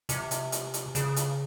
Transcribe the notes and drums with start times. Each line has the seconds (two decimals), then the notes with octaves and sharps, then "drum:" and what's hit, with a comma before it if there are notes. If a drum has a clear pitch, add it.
0.09 C3, drum: hi-hat
0.31 drum: hi-hat
0.52 drum: hi-hat
0.74 drum: hi-hat
0.95 C#3, drum: hi-hat
1.16 drum: hi-hat